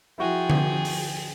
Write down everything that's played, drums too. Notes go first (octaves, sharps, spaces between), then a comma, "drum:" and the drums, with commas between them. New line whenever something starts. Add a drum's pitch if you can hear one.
F3 E4 F#4 G#4 G5
drum: tom D3
drum: open hi-hat